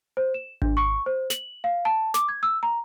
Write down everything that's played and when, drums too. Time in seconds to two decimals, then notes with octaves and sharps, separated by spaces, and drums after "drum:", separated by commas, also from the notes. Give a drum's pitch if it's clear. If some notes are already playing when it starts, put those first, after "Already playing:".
0.17 C5
0.34 E7
0.62 D4, drum: kick G#1
0.77 C#6
1.06 C5
1.30 F#7, drum: snare
1.64 F5
1.85 A5
2.14 D6, drum: snare
2.29 G#6
2.43 E6
2.63 A#5